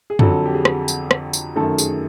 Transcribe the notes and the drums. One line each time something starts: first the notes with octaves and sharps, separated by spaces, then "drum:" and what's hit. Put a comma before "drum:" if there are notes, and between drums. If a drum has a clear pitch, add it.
G#4
F2 D3 F#3 A4, drum: tom
G4
G#4
drum: rim click
drum: tambourine
drum: rim click
drum: tambourine
F#2 D#3 F#3 A3 A4
G#4, drum: tambourine